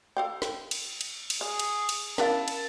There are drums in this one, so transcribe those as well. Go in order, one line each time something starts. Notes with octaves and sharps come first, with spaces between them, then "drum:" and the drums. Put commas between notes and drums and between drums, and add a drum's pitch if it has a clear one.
A4 F5 G5
drum: snare
drum: cymbal
drum: cymbal
drum: cymbal
G#4 F5
drum: cymbal
drum: cymbal
B3 C#4 D4 E4 A#4 F5 A5, drum: snare
drum: cymbal